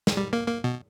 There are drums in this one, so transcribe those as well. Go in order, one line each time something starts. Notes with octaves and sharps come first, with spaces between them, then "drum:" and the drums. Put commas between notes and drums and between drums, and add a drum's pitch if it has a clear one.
drum: snare
G3
A#3
A#3
B2